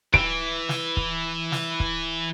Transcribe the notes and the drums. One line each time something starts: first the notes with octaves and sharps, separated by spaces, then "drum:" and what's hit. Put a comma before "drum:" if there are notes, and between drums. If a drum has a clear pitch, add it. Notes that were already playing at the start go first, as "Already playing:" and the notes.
E3 D7, drum: kick
drum: snare
drum: kick
drum: snare
drum: kick